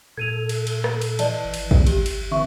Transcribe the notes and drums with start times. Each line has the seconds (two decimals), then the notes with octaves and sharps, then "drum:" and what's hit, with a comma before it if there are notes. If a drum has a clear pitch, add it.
0.17 A#2 A4 G#6 D#7 F7
0.49 drum: cymbal
0.67 drum: cymbal
0.84 drum: rim click
1.02 drum: cymbal
1.19 E3 D5 D#5 A5, drum: cymbal
1.45 G#1
1.54 drum: cymbal
1.71 drum: kick
1.87 G4, drum: cymbal
2.06 drum: cymbal
2.31 D3 E3 C4 E5 C#6